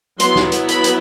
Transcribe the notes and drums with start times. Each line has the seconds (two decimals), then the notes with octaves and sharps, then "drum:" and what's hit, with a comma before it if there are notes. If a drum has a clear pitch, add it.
0.20 F#3 B3 E4 C6, drum: hi-hat
0.36 drum: snare
0.52 drum: hi-hat
0.68 B5, drum: hi-hat
0.84 drum: hi-hat